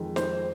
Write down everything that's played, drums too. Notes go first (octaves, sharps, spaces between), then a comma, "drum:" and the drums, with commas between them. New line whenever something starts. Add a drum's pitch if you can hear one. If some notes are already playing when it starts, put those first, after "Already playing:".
Already playing: F2 D#3 G#3
C5, drum: snare